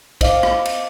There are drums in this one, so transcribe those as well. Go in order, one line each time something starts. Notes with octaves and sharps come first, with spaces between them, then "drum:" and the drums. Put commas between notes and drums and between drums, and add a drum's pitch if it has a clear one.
C5 D#5 F5 D6, drum: kick, cymbal
drum: rim click
drum: cymbal